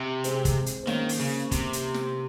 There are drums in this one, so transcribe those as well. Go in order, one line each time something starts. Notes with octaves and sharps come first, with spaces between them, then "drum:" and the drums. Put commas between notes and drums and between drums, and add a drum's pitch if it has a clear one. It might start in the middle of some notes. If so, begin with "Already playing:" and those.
Already playing: C3
G#3 C4, drum: hi-hat
drum: kick, hi-hat
drum: hi-hat
C4
D#3 A#3 C#4, drum: snare
drum: open hi-hat
C#3
C3, drum: kick, hi-hat
drum: hi-hat
drum: snare